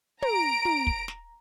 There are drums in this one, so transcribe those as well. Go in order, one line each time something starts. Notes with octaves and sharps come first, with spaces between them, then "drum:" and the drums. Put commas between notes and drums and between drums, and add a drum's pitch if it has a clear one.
A#5 D7, drum: tom
drum: tom
drum: kick
drum: snare